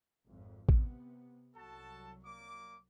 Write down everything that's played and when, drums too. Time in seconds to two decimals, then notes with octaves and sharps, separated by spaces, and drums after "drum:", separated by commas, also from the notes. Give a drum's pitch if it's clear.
0.28 G#1 F2
0.69 C3 B3, drum: kick
1.56 C2 F#3 F#4 A4 A5
2.23 A#3 D5 D6